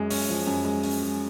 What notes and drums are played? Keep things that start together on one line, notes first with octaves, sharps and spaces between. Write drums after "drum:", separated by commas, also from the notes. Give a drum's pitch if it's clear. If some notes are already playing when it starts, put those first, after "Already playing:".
Already playing: F#2 G#3
C#4, drum: open hi-hat
F3
F#2
G#3
C#4, drum: open hi-hat
G#3